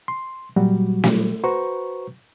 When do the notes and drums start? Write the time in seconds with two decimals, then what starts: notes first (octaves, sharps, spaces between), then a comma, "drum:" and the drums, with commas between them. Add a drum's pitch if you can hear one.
0.08 C6
0.56 A#2 F#3 G3 F#4
1.04 drum: snare
1.44 F#4 B4 C5 A#5 C#6